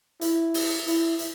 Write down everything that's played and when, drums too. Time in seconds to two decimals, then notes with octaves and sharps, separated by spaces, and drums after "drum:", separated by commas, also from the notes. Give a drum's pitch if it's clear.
0.21 E4, drum: hi-hat
0.54 drum: open hi-hat
0.87 E4, drum: hi-hat
1.19 drum: hi-hat